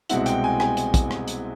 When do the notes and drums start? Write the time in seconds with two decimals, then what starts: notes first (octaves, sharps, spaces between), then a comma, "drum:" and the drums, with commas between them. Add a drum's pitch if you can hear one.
0.10 C2 B2 G#3 C4 E4 F#5, drum: hi-hat
0.26 G5, drum: hi-hat
0.44 G#5
0.60 G#5, drum: rim click
0.77 drum: hi-hat
0.94 drum: kick, hi-hat
1.11 drum: rim click
1.28 drum: hi-hat